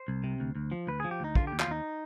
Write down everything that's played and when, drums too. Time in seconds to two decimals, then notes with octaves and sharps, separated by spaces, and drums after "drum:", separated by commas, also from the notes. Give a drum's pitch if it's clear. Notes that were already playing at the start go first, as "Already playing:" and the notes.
Already playing: C5
0.08 C2
0.24 C3
0.40 D2
0.55 D2
0.72 F3
0.87 D2 B4
1.00 F3 G#4
1.11 G4
1.20 D2 D#4
1.35 D3 F4, drum: kick
1.47 D#2 G4
1.60 F4, drum: clap
1.67 D#2 D#4